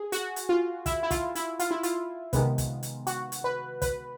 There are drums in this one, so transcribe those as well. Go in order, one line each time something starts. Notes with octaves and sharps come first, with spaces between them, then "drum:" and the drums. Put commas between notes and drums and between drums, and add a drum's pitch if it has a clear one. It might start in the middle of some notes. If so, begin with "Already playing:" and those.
Already playing: G#4
F#4, drum: hi-hat
drum: hi-hat
F4
E4, drum: kick, hi-hat
E4
F4, drum: kick, hi-hat
E4, drum: hi-hat
F4, drum: hi-hat
E4
F4, drum: hi-hat
C3 D#3 G#3 B3, drum: kick, hi-hat
drum: kick, hi-hat
drum: hi-hat
F#4, drum: hi-hat
drum: hi-hat
B4
B4, drum: kick, hi-hat